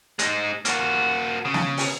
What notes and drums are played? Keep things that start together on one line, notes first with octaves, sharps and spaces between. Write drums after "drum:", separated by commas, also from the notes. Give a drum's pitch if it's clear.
G#3 D#4, drum: hi-hat
A#3 F#4, drum: hi-hat
C#3
drum: snare
drum: open hi-hat